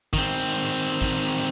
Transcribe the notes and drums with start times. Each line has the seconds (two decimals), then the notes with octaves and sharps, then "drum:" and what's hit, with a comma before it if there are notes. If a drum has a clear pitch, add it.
0.13 D#3 C4, drum: kick
1.02 drum: kick